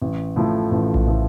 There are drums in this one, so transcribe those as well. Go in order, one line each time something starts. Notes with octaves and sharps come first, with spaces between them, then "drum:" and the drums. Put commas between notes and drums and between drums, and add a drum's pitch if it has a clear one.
A1
A2 F3 A3
A1
drum: kick A#1
A2 F3 A3